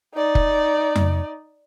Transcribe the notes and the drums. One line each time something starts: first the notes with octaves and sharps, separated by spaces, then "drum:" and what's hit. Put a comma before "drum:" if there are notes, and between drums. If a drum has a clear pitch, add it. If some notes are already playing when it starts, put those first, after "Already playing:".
D#4 D5
drum: kick
drum: tom F2